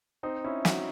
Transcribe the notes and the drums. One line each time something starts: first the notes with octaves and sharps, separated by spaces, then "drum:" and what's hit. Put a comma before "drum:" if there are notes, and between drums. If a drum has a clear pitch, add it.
C4 D#4
C#4 E4
D#4 F#4, drum: snare